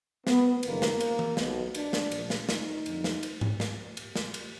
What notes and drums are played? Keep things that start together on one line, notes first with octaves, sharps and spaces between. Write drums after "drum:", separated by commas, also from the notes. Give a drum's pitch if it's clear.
B3, drum: snare
F#1 F2 D#3 A#3, drum: cymbal
drum: snare
drum: cymbal
drum: tom E3
B1 B2, drum: snare
D4, drum: cymbal
drum: snare
A#1 A#2 F3, drum: cymbal
drum: snare
D#4, drum: snare
F2 D3 F3, drum: cymbal
drum: snare
drum: cymbal
drum: tom G#2
drum: snare
drum: cymbal
drum: snare
drum: cymbal